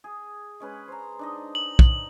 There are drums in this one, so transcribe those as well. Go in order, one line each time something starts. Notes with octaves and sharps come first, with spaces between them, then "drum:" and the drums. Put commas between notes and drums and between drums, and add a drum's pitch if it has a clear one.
G#4
G#3 C#4 B4
C5 A#5
D4 D#4 D#5
F#7
drum: kick